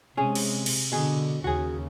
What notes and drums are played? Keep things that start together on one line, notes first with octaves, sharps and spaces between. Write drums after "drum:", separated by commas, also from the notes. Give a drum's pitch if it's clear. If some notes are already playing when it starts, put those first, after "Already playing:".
C3 G#3 C#4 G#4
drum: cymbal
drum: cymbal
B2 D3 G#4
D#2 C#3 F#4 G#4